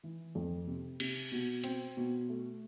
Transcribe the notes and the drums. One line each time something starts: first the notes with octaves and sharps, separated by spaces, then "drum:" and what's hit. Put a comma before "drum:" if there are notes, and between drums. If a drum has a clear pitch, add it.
E3
F2
C3
C3, drum: cymbal
B2
C4, drum: hi-hat
B2
A3